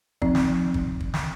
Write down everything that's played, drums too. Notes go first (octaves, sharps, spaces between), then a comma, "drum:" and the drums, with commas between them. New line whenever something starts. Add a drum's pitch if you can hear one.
F3 C4 D#4 D5, drum: kick
drum: snare
drum: kick
drum: kick
drum: snare